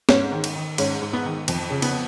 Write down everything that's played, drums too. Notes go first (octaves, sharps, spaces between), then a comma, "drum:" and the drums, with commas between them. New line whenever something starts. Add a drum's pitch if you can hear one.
G#2 C#4, drum: snare
D#3
drum: cymbal
D#3
G#2 C#4, drum: cymbal
G#2
B3
D#3
F2, drum: cymbal
C#3
B3, drum: cymbal